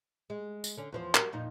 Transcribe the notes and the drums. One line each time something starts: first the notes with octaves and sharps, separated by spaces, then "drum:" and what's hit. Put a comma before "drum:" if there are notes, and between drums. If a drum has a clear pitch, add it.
G#3
drum: tambourine
D3 C#4
E2 F3 C5
G3 F#4 A#4, drum: clap
F2 A#2 D#4